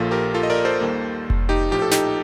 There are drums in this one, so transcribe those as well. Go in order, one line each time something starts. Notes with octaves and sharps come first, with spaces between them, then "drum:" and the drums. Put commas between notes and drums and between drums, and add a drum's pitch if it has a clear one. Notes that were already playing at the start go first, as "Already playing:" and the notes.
Already playing: A#1 A#2 F3 A#3 F4 A4
G4 A#4
F4 A4
D#5
A#4 D5
A4 C5
D#2 D#3 G3 A#3
drum: kick F1
D#4 G4
A#1 A2 F3 G4
A4
D#4 G4, drum: snare